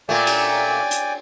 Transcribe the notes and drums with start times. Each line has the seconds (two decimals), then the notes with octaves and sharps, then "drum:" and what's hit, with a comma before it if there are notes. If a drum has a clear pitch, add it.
0.09 A#2 A3 D5 G5 G#5
0.27 drum: cymbal
0.91 drum: hi-hat